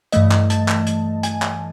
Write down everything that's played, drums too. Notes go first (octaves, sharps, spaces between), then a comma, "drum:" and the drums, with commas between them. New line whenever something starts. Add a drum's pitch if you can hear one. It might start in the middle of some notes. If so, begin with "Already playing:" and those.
G2 E3 A3 D#5, drum: hi-hat
drum: clap
A5, drum: hi-hat
drum: clap
drum: hi-hat
G#5, drum: hi-hat
drum: clap